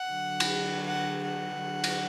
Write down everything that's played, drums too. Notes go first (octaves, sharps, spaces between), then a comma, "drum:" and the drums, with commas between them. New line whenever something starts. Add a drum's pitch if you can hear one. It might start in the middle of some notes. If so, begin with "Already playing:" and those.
Already playing: F#5
D3 F#3
drum: cymbal
F#5
F#5
D3 F#3
drum: cymbal